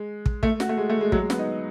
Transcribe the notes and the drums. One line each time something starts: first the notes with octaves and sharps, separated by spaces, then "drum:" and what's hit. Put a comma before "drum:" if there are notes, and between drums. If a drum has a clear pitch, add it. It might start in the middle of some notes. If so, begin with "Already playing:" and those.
Already playing: G#3
drum: kick
A3, drum: kick
F#4, drum: snare
A3
G#3
A3
G#3
F#3, drum: kick
G#3
B3, drum: snare
D#4